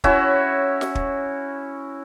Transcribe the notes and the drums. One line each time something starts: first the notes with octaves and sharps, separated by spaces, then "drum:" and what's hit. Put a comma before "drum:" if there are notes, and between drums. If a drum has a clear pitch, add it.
C#4 E4 F#4 C#5, drum: kick
drum: snare
drum: kick